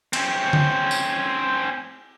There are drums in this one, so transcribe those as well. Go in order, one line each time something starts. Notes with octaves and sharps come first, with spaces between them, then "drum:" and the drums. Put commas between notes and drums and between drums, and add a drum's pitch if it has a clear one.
C4 C#4, drum: cymbal
drum: tom D3
drum: tambourine